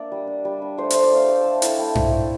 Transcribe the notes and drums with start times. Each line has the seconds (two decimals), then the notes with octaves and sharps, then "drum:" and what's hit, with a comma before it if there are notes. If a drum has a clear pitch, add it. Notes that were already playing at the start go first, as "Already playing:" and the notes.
Already playing: A#3 D4 D5 E5
0.12 G3
0.27 D4
0.45 G3
0.62 D4
0.77 A3 C5
0.90 A3 C5, drum: hi-hat
1.03 D5
1.11 A3 F5
1.28 A3 G5
1.41 A3 A5
1.52 G5
1.62 E4 A5, drum: hi-hat
1.78 A3 G5
1.95 A3, drum: tom G2
2.11 A3